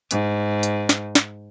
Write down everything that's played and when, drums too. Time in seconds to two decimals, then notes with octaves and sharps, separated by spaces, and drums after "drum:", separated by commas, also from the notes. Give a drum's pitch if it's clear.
0.11 G#2, drum: hi-hat
0.63 drum: hi-hat
0.89 drum: snare
1.15 drum: snare